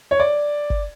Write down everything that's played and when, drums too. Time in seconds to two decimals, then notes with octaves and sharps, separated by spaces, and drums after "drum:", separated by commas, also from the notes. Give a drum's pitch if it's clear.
0.11 C#5
0.20 D5
0.70 drum: kick G1